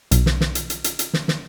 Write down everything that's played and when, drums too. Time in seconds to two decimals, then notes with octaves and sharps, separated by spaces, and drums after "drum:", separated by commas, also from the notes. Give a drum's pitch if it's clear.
0.11 B1, drum: hi-hat
0.26 drum: snare
0.41 drum: snare
0.55 drum: hi-hat
0.70 drum: hi-hat
0.84 drum: hi-hat
0.99 drum: hi-hat
1.13 drum: snare
1.28 drum: snare